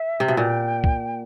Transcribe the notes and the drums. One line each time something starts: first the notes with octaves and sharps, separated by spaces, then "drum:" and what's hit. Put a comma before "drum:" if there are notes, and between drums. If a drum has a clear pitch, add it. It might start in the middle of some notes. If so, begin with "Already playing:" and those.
Already playing: E5
C3
B2
A#2 G5
drum: kick